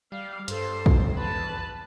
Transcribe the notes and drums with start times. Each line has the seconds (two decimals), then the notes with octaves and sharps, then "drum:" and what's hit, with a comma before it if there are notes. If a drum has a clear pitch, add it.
0.12 G3 F5
0.48 G2 A4 C5, drum: hi-hat
0.86 drum: kick
1.17 E2 B4 A5